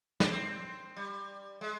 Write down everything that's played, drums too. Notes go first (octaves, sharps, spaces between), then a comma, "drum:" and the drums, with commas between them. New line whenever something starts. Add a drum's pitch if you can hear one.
D4, drum: snare
C4
G3
G#3